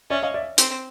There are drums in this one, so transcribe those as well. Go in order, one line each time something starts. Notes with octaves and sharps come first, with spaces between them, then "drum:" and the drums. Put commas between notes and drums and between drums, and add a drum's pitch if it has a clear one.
C#4 D5 E5
D#5 F5
D5 E5
C4, drum: hi-hat